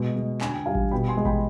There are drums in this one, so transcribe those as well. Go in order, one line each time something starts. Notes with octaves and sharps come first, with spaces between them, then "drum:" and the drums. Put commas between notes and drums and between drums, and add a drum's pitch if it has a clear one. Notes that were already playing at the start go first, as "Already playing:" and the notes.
Already playing: B2 G#3
G#3
D3 G#5, drum: clap
G5
G3 F5 G#5
drum: kick A1
B2 G5 B5
G#5 C6
G#3
G5 B5, drum: kick A1